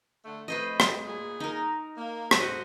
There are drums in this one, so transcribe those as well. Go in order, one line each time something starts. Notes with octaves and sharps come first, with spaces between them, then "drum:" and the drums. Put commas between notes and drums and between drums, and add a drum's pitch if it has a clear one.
D3 A3
F2 A3 B4 C5 D#5
drum: rim click
A#2 G#4
D#4 A#4
A#3
drum: rim click
F#4 A4 C5 D#5